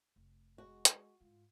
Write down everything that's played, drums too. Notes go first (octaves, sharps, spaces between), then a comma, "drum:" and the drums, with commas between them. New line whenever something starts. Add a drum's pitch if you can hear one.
F1
G#3 F#4
drum: hi-hat
G#2 F4